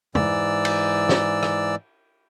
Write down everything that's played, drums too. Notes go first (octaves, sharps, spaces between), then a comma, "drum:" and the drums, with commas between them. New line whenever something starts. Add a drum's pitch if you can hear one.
G#2 E3 D5 E6, drum: tom
drum: cymbal
drum: snare
drum: rim click